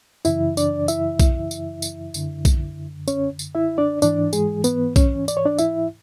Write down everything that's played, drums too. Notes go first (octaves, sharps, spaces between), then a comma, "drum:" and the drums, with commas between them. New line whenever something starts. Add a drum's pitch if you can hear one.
F#2 C#3 E3 E4 E5, drum: tambourine
D4 D5, drum: tambourine
E4 E5, drum: tambourine
drum: kick B1, tambourine
drum: tambourine
drum: tambourine
F#2 D3, drum: tambourine
drum: kick B1, tambourine
C#4 C#5, drum: tambourine
drum: tambourine
E4 E5
D4 D5
G#2 E3 D4 D5, drum: tambourine
G#3 G#4, drum: tambourine
B3 B4, drum: tambourine
C#4 C#5, drum: kick B1, tambourine
D5, drum: tambourine
C#5
D4 D5
E4 E5, drum: tambourine